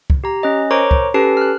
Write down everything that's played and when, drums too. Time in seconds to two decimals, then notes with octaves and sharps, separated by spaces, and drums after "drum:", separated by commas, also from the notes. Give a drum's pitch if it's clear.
0.10 drum: kick
0.24 G4 A#5
0.43 C#4 D#5
0.71 A#4 C5 C#5 A#5 C#6 D6
0.91 drum: kick
1.14 C#4 G4 A4 B4 A5 C7
1.37 F6 F#6